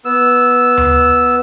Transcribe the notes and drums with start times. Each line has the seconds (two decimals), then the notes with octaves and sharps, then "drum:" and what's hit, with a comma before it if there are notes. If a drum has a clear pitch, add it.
0.05 B3 E6
0.77 drum: tom D2